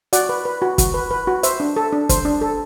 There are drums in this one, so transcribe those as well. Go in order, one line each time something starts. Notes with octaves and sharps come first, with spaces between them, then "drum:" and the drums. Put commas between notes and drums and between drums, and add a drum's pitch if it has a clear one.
F#4 D5 F#5, drum: hi-hat
B4
B4
F#4
F#4, drum: kick, hi-hat
B4
B4
F#4
C5 E5, drum: hi-hat
D4
A4
D4
C5, drum: kick, hi-hat
D4
A4